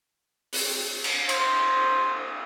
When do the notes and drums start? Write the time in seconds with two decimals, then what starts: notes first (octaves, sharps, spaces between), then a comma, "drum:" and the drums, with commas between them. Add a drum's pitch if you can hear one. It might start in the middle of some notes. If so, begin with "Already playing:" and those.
0.53 drum: open hi-hat
1.04 drum: cymbal
1.29 C5, drum: cymbal